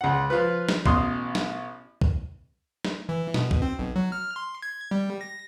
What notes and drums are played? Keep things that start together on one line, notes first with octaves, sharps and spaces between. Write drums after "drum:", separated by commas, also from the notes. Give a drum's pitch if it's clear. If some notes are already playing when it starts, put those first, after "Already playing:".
C#2 F#5
F3 F4 B4
drum: snare
A1 B2 C6 D#6, drum: kick
drum: snare
drum: kick
drum: snare
E3
B2, drum: snare
drum: kick
C4
B1
F#3
F6
C6
G#6
G3
A#6